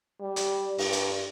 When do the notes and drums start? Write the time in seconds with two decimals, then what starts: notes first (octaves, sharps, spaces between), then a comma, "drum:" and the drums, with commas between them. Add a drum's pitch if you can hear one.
0.21 G3
0.36 drum: hi-hat
0.78 G2, drum: open hi-hat
0.92 drum: hi-hat